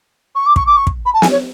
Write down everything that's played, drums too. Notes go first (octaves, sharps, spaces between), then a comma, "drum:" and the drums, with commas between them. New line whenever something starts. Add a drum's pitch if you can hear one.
C#6
D6
C#6, drum: kick
D6
C#6
drum: kick
B5
A5
G#5, drum: snare
C#5